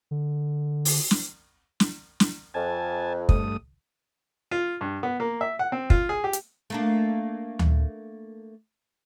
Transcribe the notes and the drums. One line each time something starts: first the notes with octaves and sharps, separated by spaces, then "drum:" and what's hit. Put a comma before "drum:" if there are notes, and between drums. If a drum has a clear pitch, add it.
D3
drum: open hi-hat
drum: snare
drum: snare
drum: snare
F2 G#5 A5
G2 A3 D#6, drum: kick
F4
G2
B3
A#3
E5
F#5
C4
F4, drum: kick
G#4
G4
drum: hi-hat
A3 A#3 D4
drum: tom D2